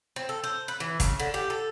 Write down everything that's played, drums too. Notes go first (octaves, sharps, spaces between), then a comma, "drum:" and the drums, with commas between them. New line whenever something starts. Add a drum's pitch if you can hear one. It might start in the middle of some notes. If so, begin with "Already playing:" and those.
C4
A4
C5
B4
E3
C#3, drum: kick, hi-hat
D3
G4
A4